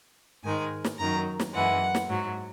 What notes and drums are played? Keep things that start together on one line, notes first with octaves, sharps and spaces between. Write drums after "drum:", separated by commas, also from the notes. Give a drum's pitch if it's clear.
G#2 D#3 G#3 G#5
drum: snare
F#2 D#3 F#3 A#5
drum: snare
F#2 E3 G#3 F#5
drum: snare
G#2 F#3